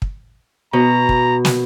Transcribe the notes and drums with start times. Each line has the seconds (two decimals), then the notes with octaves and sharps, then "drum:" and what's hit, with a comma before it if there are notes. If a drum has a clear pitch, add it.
0.02 drum: kick
0.73 B2 A#5
1.09 drum: kick
1.45 drum: snare